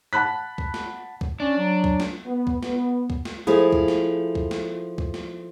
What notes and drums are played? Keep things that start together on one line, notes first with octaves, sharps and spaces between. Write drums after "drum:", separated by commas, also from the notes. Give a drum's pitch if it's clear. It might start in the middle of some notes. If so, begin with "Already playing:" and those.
F#5 A5 B5 F#6 B6
drum: kick
drum: snare
drum: kick
C#4 D4
F#3
drum: kick
drum: snare
B3
drum: kick
B3, drum: snare
drum: kick
drum: snare
F3 A3 E4 G#4
drum: kick
drum: snare
drum: kick
drum: snare
drum: kick
drum: snare